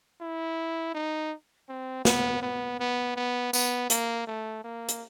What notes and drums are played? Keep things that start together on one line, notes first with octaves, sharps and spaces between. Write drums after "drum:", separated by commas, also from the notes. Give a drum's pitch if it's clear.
E4
D#4
C4
B3, drum: snare
B3
B3
B3
B3, drum: tambourine
A#3, drum: hi-hat
A3
A#3
drum: hi-hat